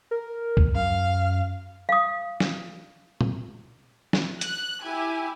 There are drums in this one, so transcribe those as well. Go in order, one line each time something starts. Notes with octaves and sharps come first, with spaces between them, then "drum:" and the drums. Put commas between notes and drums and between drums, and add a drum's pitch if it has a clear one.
A#4
drum: kick C#2
F#2 F5
F5 D#6
drum: snare
drum: tom A#2
drum: snare
F#6, drum: hi-hat
E4 G4 G#5